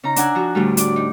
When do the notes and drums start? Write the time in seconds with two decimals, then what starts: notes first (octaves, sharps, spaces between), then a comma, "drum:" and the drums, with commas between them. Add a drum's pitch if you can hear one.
0.03 C#3 D#4 A#5
0.16 D4 F#5 G#5 E6, drum: hi-hat
0.35 F3 F#4
0.55 D2 A2 G3
0.77 D4 D5, drum: hi-hat
0.96 D#4